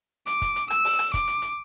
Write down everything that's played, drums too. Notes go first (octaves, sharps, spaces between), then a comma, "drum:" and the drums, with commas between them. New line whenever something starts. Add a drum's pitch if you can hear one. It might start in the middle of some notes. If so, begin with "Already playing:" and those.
D6, drum: hi-hat
drum: kick, hi-hat
drum: hi-hat
E6, drum: rim click
drum: open hi-hat
drum: rim click
D6, drum: kick, hi-hat
drum: hi-hat
drum: hi-hat